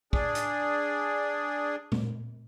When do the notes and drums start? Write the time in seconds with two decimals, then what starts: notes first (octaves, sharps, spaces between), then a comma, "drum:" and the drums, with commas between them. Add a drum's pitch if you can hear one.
0.13 D4 G#4, drum: kick
0.35 drum: hi-hat
1.92 drum: tom A#2